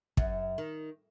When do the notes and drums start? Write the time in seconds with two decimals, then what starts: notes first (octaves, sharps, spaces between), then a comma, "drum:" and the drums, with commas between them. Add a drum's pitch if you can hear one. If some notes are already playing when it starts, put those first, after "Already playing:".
0.17 F#2, drum: kick
0.58 D#3